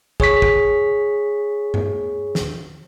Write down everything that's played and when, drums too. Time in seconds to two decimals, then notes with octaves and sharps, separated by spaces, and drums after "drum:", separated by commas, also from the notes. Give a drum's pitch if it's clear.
0.20 G#4 C#5 C#6 B6, drum: kick
0.42 drum: kick
1.74 drum: tom G2
2.35 drum: snare